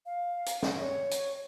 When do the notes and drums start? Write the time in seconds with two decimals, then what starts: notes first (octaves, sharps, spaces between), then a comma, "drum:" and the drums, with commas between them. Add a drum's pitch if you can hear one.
0.06 F5
0.46 drum: hi-hat
0.63 drum: snare
0.79 C#5
1.11 drum: hi-hat